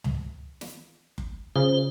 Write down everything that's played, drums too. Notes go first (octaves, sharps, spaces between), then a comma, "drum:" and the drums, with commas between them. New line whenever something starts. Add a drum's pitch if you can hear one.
drum: tom C#2
drum: snare
drum: kick F#1
C#3 F4 C5